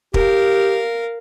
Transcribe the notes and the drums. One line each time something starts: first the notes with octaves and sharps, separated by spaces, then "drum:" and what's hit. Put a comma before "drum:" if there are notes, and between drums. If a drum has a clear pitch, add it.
G4 A#4 F5, drum: kick